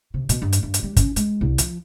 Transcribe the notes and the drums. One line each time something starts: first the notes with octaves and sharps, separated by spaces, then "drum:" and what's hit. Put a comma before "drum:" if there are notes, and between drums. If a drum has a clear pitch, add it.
C3
B2, drum: hi-hat
G2
drum: hi-hat
G2
drum: hi-hat
G3
C#4, drum: kick, hi-hat
G#3, drum: hi-hat
C2
F3, drum: hi-hat